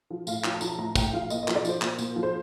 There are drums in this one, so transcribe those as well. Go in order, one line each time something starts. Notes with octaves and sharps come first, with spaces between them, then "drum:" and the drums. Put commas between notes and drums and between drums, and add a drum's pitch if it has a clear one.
F3
A2 F5, drum: tambourine
F3, drum: clap
A5
F3 A#5, drum: tambourine
A5
A2 A#5
A2 G5, drum: kick, tambourine
G5
F3 F5
A#2 D#5, drum: tambourine
D#5
F3, drum: clap
D5
F3 C5, drum: tambourine
A#2, drum: clap
A#2, drum: tambourine
F3
C5